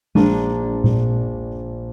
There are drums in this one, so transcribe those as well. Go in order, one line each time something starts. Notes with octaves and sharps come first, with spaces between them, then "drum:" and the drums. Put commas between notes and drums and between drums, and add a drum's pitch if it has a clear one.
A#1 A#3 D4 D#7, drum: tom G#3
drum: tom A#2